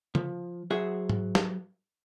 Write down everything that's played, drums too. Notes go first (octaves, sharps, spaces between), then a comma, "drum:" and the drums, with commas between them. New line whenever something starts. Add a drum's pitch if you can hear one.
F3, drum: tom C#3
F#3 F#4 G#4 C5 E5
drum: tom G#2
drum: snare